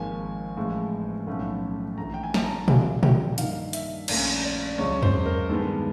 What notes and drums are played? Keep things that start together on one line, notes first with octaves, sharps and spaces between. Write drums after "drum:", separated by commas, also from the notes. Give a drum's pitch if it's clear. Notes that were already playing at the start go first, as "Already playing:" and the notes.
Already playing: G#1 G#2 F3 A#3 G#5
A1 A2 F3 G#3
B1 A2 F3 A3 C#4
A#1 A2 E3 A3 A#5
G5
G#5
A5, drum: snare
A#5
D2 C3 F3 A#3 D4 G#5, drum: tom A#2
G5, drum: tom A#2
G2 D#3 G3 A#3 D#4 F5, drum: hi-hat
E5, drum: hi-hat
A#1 A#2 F3 A3 C#4 D5, drum: cymbal
D5
C#2 C#3 F#3 C#5
C5, drum: tom E2
A#4
G2 D#3 G#3 B3 A4